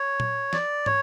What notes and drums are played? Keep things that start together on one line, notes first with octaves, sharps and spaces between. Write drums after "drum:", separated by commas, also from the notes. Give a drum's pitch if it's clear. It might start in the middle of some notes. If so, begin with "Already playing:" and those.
Already playing: C#5
drum: tom A#2
D5, drum: snare
C#5, drum: tom